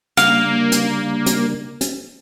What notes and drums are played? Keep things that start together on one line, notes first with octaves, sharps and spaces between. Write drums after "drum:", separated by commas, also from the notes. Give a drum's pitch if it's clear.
C#3 G3 A#3 D4 F5, drum: hi-hat
drum: hi-hat
drum: hi-hat
drum: hi-hat